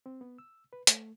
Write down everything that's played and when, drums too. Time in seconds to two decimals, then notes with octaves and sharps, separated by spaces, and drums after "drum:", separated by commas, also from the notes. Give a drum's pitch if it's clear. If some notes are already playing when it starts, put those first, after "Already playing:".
0.06 C4
0.21 B3
0.38 E6
0.73 B4
0.87 A3, drum: hi-hat